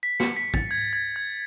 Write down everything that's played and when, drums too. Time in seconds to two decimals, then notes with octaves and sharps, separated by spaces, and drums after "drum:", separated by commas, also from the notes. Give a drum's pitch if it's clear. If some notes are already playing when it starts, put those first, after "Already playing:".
0.03 B6
0.20 C#7, drum: snare
0.36 B6
0.54 A6, drum: kick
0.71 G#6
0.93 G#6
1.16 G#6